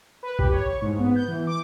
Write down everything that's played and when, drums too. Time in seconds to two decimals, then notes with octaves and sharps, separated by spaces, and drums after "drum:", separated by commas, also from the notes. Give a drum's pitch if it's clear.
0.23 B4
0.39 G4, drum: kick A#1
0.52 C#5
0.67 C#6
0.82 G#2
1.00 B3
1.16 G6
1.28 E3
1.47 D6